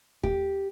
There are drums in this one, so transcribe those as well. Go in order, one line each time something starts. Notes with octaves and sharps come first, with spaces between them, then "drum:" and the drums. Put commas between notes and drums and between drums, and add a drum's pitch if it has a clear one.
G4, drum: kick